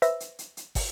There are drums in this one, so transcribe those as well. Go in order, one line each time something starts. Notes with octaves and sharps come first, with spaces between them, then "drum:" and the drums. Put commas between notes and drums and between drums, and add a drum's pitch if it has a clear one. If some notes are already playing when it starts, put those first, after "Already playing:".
B4 C5 E5 E6 A#6, drum: hi-hat
drum: hi-hat
drum: hi-hat
drum: hi-hat
drum: kick, open hi-hat